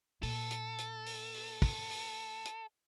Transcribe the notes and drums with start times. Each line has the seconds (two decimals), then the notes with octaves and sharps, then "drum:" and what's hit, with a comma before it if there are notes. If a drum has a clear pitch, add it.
0.23 A#2 A4, drum: open hi-hat
0.51 drum: hi-hat
0.78 drum: hi-hat
1.06 drum: open hi-hat
1.34 drum: open hi-hat
1.62 drum: kick, open hi-hat
1.90 drum: open hi-hat
2.45 drum: hi-hat